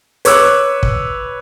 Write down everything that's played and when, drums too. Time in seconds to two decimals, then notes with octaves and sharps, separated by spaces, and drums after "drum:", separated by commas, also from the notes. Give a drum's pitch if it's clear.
0.25 B4 C#5 D6 E6 F#6, drum: hi-hat
0.83 drum: kick